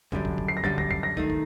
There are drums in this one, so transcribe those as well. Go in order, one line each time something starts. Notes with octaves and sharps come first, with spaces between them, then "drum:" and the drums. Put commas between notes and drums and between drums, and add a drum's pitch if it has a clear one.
F#2 D3 G3 D4, drum: kick
drum: kick
drum: kick
C7
A#6
F#2 D3 G3 D4 A6, drum: kick
A#6, drum: kick
C7, drum: kick
A#6
D#3 A3 D#4, drum: kick
drum: kick